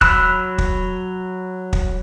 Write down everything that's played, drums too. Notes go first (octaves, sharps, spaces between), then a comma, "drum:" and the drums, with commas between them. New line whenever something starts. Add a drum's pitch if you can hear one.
F#3 B5 E6 F#6, drum: kick
drum: kick
drum: kick